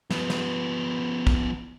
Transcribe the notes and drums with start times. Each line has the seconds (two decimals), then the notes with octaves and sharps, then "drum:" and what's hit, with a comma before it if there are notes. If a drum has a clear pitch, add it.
0.10 F3 B3, drum: snare
0.30 drum: snare
1.27 drum: kick